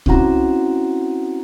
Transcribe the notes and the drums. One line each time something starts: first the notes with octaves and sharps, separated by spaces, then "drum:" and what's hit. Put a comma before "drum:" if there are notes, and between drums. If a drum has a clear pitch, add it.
C4 C#4 E4 F#4 F#5 A#5, drum: kick C2